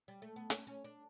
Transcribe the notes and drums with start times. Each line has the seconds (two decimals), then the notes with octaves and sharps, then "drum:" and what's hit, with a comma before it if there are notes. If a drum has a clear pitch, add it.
0.08 G3
0.22 A3
0.36 B3
0.50 C#4, drum: hi-hat
0.67 C#4
0.84 D4